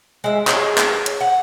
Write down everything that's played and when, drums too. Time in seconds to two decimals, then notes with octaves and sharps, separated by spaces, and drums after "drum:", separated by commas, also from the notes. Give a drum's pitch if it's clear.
0.24 G#3 E5
0.47 G#4 C#5, drum: clap
0.78 drum: clap
1.06 drum: hi-hat
1.21 F#5